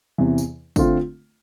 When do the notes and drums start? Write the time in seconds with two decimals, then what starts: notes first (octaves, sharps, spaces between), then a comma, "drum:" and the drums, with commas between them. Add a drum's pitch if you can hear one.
0.18 E2 C3 E3
0.38 drum: tambourine
0.76 D3 A3 C4 F4, drum: kick, tambourine